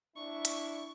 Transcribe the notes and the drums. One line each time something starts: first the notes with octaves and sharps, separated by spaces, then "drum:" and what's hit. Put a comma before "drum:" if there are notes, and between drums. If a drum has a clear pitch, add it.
D4 E4 C#6
drum: hi-hat